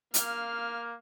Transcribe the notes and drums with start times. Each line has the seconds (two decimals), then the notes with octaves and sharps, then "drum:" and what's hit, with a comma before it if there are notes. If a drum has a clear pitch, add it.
0.14 A#3 F5 F6, drum: hi-hat